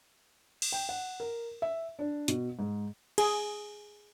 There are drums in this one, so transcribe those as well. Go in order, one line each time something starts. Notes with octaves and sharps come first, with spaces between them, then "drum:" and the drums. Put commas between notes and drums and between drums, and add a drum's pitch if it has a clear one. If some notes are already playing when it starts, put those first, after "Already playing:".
drum: cymbal
G5
F#5
A#4
E5
D4
B2, drum: hi-hat
G#2
G#4, drum: cymbal